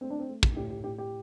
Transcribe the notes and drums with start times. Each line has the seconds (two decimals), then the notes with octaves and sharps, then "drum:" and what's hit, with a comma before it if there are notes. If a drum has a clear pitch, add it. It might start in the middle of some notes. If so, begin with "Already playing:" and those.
0.01 A3 C4
0.10 D4
0.19 C4
0.29 A3
0.43 drum: kick
0.56 A2 G4
0.70 G4
0.84 A2 G4
0.98 G4